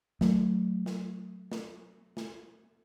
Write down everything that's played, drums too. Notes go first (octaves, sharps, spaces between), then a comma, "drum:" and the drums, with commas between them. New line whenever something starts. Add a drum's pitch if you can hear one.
F#3 A3, drum: snare
drum: snare
drum: snare
drum: snare